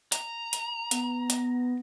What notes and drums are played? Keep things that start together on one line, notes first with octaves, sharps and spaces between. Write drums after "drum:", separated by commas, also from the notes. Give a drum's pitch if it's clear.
A#5, drum: hi-hat
drum: hi-hat
B3, drum: hi-hat
drum: hi-hat